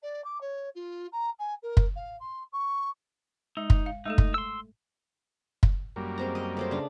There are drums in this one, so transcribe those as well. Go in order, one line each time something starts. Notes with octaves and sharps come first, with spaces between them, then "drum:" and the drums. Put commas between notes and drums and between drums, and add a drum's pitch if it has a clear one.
D5
D6
C#5
F4
A#5
G#5
A#4
drum: kick
F5
C6
C#6
G#3 D#4
drum: kick
F5
G#3 A3 D#4 A4
drum: kick
C6 E6
drum: kick
F#2 G3 A#3
G#3 C4 A#5
A#4 D#5
A3 C#4 C5
C#3 D4